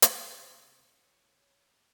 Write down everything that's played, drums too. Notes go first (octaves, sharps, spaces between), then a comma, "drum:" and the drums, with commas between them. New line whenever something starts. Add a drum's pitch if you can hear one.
C3, drum: hi-hat
C#5